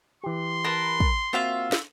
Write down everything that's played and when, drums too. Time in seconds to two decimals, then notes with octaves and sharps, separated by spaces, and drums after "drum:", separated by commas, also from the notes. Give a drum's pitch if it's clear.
0.24 E3 G4 C6
0.64 A#4 B4 A5
1.00 drum: kick
1.33 A#3 C4 F4 F#4 E5 F5
1.72 drum: snare